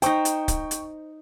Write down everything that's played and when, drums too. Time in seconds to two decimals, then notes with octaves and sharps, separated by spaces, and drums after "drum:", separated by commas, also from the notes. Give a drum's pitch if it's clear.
0.02 D#4 C5 G5 C#6, drum: hi-hat
0.25 drum: hi-hat
0.48 drum: kick C#1, hi-hat
0.71 drum: hi-hat